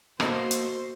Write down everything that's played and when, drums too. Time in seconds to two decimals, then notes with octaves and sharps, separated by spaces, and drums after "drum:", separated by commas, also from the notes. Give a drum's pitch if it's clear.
0.20 B2 A#3 F#4 A4 C5 D#5, drum: rim click
0.51 drum: hi-hat